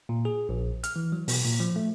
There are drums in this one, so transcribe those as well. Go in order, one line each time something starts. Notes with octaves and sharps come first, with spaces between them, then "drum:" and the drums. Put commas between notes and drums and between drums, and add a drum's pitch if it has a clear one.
A#2
G#4
A#1
F6, drum: hi-hat
E3
F#3
B2, drum: open hi-hat
A#2
F3
A3